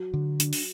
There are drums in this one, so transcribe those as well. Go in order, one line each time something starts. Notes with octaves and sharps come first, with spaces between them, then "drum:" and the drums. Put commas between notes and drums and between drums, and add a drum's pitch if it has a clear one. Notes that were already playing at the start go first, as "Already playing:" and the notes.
Already playing: F#3
D3
D4, drum: hi-hat
drum: open hi-hat